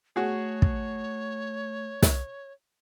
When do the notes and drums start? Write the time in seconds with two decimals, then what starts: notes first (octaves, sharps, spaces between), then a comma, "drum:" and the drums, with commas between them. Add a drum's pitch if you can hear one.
0.16 A3 F#4 G#4 C#5
0.62 drum: kick
2.03 drum: snare